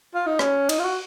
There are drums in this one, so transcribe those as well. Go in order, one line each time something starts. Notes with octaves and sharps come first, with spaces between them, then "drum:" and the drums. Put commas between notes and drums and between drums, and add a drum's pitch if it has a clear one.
F4
D#4
C#4, drum: rim click
D#4, drum: cymbal
F4
F#4